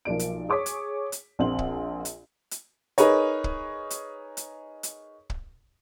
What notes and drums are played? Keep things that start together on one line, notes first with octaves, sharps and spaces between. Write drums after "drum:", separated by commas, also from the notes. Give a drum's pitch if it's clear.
B1 F3 A#3 D5 D7
drum: hi-hat
G#4 C#5 D6 D#6 B6
drum: hi-hat
drum: hi-hat
A#1 C4 F#5 C6 F#7
drum: kick
drum: hi-hat
drum: hi-hat
D#4 G#4 A#4 B4 C#5, drum: hi-hat
drum: kick
drum: hi-hat
drum: hi-hat
drum: hi-hat
drum: kick